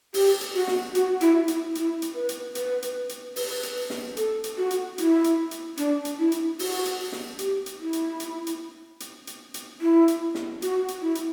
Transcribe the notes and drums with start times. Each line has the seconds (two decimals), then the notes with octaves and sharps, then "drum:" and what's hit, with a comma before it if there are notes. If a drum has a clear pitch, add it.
0.14 G4, drum: open hi-hat
0.41 drum: hi-hat
0.54 F#4
0.68 drum: snare
0.95 F#4, drum: hi-hat
1.21 E4, drum: hi-hat
1.48 E4, drum: hi-hat
1.75 E4, drum: hi-hat
2.02 drum: hi-hat
2.15 B4
2.29 drum: hi-hat
2.55 B4, drum: hi-hat
2.82 drum: hi-hat
3.09 drum: hi-hat
3.36 B4, drum: open hi-hat
3.63 drum: hi-hat
3.90 drum: snare
4.17 A4, drum: hi-hat
4.44 drum: hi-hat
4.58 F#4
4.71 drum: hi-hat
4.98 E4, drum: hi-hat
5.24 drum: hi-hat
5.51 drum: hi-hat
5.77 D4, drum: hi-hat
6.05 drum: hi-hat
6.19 E4
6.32 drum: hi-hat
6.59 F#4, drum: open hi-hat
6.85 drum: hi-hat
7.12 drum: snare
7.39 G4, drum: hi-hat
7.66 drum: hi-hat
7.80 E4
7.93 drum: hi-hat
8.20 drum: hi-hat
8.47 drum: hi-hat
9.00 drum: hi-hat
9.27 drum: hi-hat
9.54 drum: hi-hat
9.81 E4
10.08 drum: hi-hat
10.35 drum: snare
10.62 F#4, drum: hi-hat
10.88 drum: hi-hat
11.02 E4
11.15 drum: hi-hat